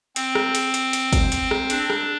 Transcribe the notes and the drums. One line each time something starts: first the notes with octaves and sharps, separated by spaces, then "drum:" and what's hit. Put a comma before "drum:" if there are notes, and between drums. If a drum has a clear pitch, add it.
C4, drum: hi-hat
drum: rim click
drum: hi-hat
drum: hi-hat
drum: hi-hat
drum: kick, hi-hat
drum: hi-hat
drum: rim click
D4, drum: hi-hat
drum: rim click